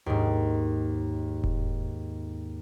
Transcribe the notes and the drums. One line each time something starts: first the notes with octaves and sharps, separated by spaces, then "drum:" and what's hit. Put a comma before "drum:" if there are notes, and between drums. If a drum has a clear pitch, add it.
D#2 G#2
drum: kick E1